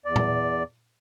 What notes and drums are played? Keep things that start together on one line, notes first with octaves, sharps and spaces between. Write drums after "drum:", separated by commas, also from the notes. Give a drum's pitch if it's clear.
E2 D5
drum: tom A#2